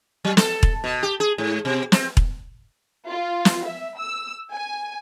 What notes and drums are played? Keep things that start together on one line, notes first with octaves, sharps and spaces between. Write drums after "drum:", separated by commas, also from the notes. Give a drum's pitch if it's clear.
F#3
A4, drum: snare
drum: kick E1
B2
G4
G#4
G#2
B2
C4, drum: snare
drum: kick E1
F4
drum: snare
E5
E6
G#5